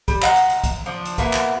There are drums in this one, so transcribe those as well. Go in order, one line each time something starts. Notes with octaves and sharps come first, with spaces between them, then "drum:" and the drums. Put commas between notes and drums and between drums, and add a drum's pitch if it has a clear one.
G3, drum: kick C2, hi-hat
D#5 F5 F#5 A#5, drum: clap
drum: hi-hat
drum: hi-hat
drum: kick C2, hi-hat
F3 D4
drum: hi-hat
B2 A#3 B3 E4, drum: kick C2, hi-hat
drum: clap